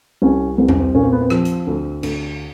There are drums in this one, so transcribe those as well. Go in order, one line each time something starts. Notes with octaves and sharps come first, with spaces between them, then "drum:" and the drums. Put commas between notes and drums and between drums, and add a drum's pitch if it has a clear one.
C2 C#4
C2 C4
C#4, drum: tom E2
C4
A#2 C#4
C4
B3
C4
F3, drum: rim click
drum: hi-hat
D2
D2, drum: cymbal